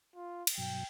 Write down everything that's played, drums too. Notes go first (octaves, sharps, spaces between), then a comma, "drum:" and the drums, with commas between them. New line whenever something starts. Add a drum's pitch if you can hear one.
F4
drum: cymbal
G2 B2 F#3 G5